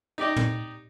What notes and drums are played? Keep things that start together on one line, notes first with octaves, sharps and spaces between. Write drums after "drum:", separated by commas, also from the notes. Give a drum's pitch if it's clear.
D#4 G4 D5 D#5
drum: tom